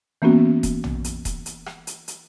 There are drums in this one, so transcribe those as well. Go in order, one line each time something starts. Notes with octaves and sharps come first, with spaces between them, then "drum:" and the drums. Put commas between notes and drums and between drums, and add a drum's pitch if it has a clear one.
E3 A#3 B3 C#4 F#4
drum: kick D#1, hi-hat
drum: tom
drum: hi-hat
drum: kick D#1, hi-hat
drum: hi-hat
drum: rim click
drum: hi-hat
drum: hi-hat